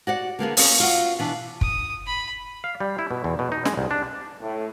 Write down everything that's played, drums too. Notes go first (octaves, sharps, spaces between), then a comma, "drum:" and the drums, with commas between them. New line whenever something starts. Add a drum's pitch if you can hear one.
F#4 D5 F#5
D3 A#3 B3 G#4
A#3 C#4, drum: open hi-hat
F4 F#4 F#5
B2 E3 D4
D#6, drum: kick
B5
F5
G3
E4
B2
E2
B2
D#4
G#3, drum: snare
C2
D4
A2